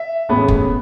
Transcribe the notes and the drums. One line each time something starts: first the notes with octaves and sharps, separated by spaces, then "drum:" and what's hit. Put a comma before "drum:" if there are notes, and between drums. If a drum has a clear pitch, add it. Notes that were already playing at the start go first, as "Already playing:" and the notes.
Already playing: E5
A1 A2 G#3 B3
drum: kick